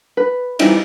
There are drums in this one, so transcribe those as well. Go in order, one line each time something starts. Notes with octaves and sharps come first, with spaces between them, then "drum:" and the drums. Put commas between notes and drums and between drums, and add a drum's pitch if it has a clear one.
B4
E3 G3 C4 D#4 E4, drum: cymbal